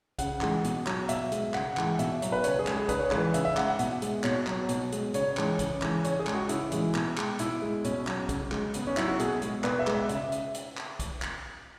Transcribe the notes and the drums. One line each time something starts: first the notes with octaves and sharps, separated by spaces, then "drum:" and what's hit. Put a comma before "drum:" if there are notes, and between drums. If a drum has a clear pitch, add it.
C#3 F#5, drum: kick, hi-hat
E3 G#3, drum: clap
B2, drum: hi-hat
F#3, drum: clap
B2 E5, drum: hi-hat
G#3, drum: hi-hat
C#3 F#5, drum: clap
E3 G#3, drum: clap
B2 E5, drum: hi-hat
F#3, drum: hi-hat
B4
C#3 C#5, drum: hi-hat
G#4
G#3, drum: clap
G#4
C#3 B4, drum: kick, hi-hat
C#5
E3 G#3 B4, drum: clap
C#3 E5, drum: hi-hat
E5
G#3 F#5, drum: clap
F#5
B2, drum: hi-hat
G#3, drum: hi-hat
B2 C#5, drum: clap
F#3, drum: clap
B2, drum: hi-hat
G#3, drum: hi-hat
C#3 C#5, drum: hi-hat
E3 G#3, drum: clap
C#3, drum: kick, hi-hat
E3 G#3, drum: clap
C#3 C#5, drum: hi-hat
G#4
G#3, drum: clap
F#4
C#3 E4, drum: hi-hat
E3 G#3, drum: hi-hat
B2, drum: clap
G#3, drum: clap
B2 E4, drum: hi-hat
G#3
B2 C#4, drum: hi-hat
F#3, drum: clap
C#3, drum: kick, hi-hat
G#3, drum: clap
C#3 B3, drum: hi-hat
C#4
F#3 E4, drum: clap
F#4
B2 G#4, drum: hi-hat
G#3, drum: hi-hat
B2 B4, drum: clap
E5
G#3, drum: clap
E5
C#3 E5, drum: hi-hat
drum: hi-hat
drum: hi-hat
drum: clap
drum: kick, hi-hat
drum: clap